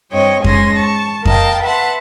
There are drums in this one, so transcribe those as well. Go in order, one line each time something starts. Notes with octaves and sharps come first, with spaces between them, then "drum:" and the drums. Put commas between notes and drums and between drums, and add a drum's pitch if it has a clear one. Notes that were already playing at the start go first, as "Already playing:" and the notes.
G2 C4 C#5 D#5 G5
G#2 G#3 C#4 G#5 C6 A#6, drum: kick F2
A5 C#6
A#4 D#5 F5 G5 A5, drum: kick F2
B4 E5 F#5 A5 C6